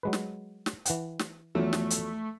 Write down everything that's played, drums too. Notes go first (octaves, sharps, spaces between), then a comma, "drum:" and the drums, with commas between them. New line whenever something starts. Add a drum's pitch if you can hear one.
F#3 G#3 B4
drum: snare
drum: snare
E3 F#5 G5, drum: hi-hat
drum: snare
E2 F3 F#3 A3
drum: snare
drum: hi-hat